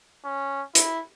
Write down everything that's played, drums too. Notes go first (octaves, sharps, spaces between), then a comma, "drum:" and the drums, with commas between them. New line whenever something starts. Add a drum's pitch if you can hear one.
C#4
E4, drum: hi-hat